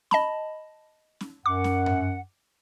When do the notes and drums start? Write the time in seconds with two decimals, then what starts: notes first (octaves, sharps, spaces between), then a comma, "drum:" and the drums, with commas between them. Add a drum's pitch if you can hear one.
0.11 D#5 A5 B5, drum: snare C#4
1.21 drum: snare C#4
1.46 F#2 F#5 D6
1.64 drum: snare C#4
1.86 drum: tom G2